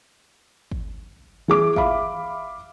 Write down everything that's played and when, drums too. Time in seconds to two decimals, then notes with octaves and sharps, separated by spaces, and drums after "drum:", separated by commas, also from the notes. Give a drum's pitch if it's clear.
0.72 drum: kick
1.48 E3 G#4 D6
1.76 E5 F5 B5, drum: kick